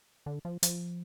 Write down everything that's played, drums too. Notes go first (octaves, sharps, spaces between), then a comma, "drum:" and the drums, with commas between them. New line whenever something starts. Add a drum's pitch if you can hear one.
D3
F3
F3, drum: hi-hat